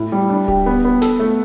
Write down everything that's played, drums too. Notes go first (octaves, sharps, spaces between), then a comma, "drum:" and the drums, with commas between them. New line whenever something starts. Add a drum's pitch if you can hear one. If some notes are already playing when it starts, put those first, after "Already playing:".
Already playing: A2
G3
D4
G4, drum: kick D1
B3
B3
A4, drum: snare
A3